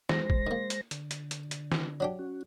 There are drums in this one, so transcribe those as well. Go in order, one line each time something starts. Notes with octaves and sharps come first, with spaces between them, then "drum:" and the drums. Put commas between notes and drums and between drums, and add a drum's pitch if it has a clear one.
E2 G#3 C5 A#6, drum: snare
drum: kick
D#3 A#3
drum: hi-hat
D3, drum: hi-hat
drum: hi-hat
drum: hi-hat
drum: hi-hat
drum: snare
F#3 D4 G4
C#4 F#4